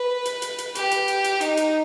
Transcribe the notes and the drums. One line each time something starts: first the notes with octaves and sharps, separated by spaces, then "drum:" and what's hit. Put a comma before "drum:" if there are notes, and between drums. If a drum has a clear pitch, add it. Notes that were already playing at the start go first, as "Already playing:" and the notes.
Already playing: B4
drum: hi-hat
drum: hi-hat
drum: hi-hat
G4, drum: hi-hat
drum: hi-hat
drum: hi-hat
drum: hi-hat
D#4, drum: hi-hat
drum: hi-hat